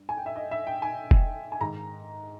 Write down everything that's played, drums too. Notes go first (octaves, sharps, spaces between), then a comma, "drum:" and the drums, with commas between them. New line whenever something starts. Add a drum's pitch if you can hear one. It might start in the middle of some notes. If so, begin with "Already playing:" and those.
Already playing: G2
G#5
G5
E5
D#5
E5
G5
G#5
drum: kick F1
G#5
G#2 D#3 G#3 A#5